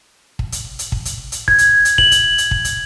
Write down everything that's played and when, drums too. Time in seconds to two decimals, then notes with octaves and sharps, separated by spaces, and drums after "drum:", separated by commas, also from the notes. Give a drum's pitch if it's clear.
0.39 drum: kick
0.52 drum: hi-hat
0.79 drum: hi-hat
0.92 drum: kick
1.05 drum: hi-hat
1.32 drum: hi-hat
1.48 G#6, drum: kick
1.58 drum: hi-hat
1.85 drum: hi-hat
1.98 F#7, drum: kick
2.11 drum: hi-hat
2.38 drum: hi-hat
2.51 drum: kick
2.65 drum: hi-hat